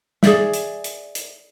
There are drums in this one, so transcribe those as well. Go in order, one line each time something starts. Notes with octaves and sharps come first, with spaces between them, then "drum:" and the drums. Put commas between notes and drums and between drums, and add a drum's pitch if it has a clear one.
G#4 D5 E5, drum: snare
drum: hi-hat
drum: hi-hat
drum: hi-hat